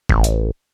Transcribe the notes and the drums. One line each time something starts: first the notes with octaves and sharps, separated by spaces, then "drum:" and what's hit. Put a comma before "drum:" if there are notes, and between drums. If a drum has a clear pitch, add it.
A1, drum: kick F#1
drum: hi-hat